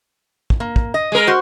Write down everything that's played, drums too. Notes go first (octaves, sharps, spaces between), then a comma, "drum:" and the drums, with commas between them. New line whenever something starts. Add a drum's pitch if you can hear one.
drum: kick
A#3
drum: kick
D#5
G#3 A#4
F#4 C5